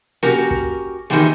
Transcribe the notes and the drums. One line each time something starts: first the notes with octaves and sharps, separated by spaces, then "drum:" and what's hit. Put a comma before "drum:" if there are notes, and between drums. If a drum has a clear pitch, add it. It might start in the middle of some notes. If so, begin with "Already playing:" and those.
C#4 F#4 G4 A#4, drum: snare A#3
drum: kick
E2 D#3 E3 C4 G4 G#4, drum: snare A#3